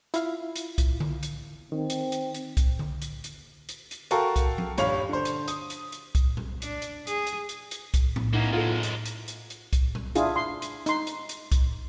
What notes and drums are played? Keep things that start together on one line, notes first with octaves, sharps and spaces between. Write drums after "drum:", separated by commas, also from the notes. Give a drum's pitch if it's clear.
E4 F4 F5, drum: hi-hat
drum: hi-hat
drum: kick C2, hi-hat
drum: tom D3
drum: hi-hat
D#3 C4
drum: hi-hat
drum: hi-hat
drum: hi-hat
drum: kick C2, hi-hat
drum: tom D3
drum: hi-hat
drum: hi-hat
drum: hi-hat
drum: hi-hat
F#4 A4 A#4 F5 G5 C#6, drum: hi-hat
drum: kick C2, hi-hat
drum: tom F3
D#1 G2 C#5 F5 B5 F7, drum: hi-hat
D3 C5
drum: hi-hat
D#6, drum: hi-hat
drum: hi-hat
drum: hi-hat
drum: kick C2, hi-hat
drum: tom A#2
D4, drum: hi-hat
drum: hi-hat
G#4, drum: hi-hat
drum: hi-hat
drum: hi-hat
drum: hi-hat
drum: kick C2, hi-hat
drum: tom A2
A#3 B3 C#4 D#4 E4
F#2 G#3 F4 A4
drum: hi-hat
drum: hi-hat
drum: hi-hat
drum: hi-hat
drum: kick C2, hi-hat
drum: tom A#2
D4 E4 F4 G#4, drum: hi-hat
C6
drum: hi-hat
D#4 C6, drum: hi-hat
drum: hi-hat
drum: hi-hat
drum: kick C2, hi-hat